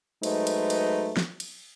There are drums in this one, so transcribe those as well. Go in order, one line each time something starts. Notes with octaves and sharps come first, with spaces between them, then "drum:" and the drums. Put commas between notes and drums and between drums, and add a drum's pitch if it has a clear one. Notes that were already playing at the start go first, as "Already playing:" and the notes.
F#3 G#3 A3 D#4 B4 C5, drum: cymbal
drum: cymbal
drum: cymbal
drum: snare
drum: cymbal